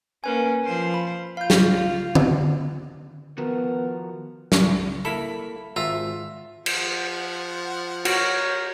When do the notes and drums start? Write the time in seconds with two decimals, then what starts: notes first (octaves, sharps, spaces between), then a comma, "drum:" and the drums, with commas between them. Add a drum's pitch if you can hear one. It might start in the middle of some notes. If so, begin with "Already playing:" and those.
0.24 A#3 C#4 A#4 B4 G#5
0.65 F3 C5
0.94 B5
1.37 F4 F5 G6
1.50 drum: snare
2.15 drum: tom D3
3.38 D#3 F3 B3 F#4 A#4
4.52 drum: snare
5.05 A#3 E4 A4 B5
5.76 G#1 F4 E5 A#5
6.66 F3 F#5, drum: cymbal
8.05 F#4 A#4 C#5, drum: cymbal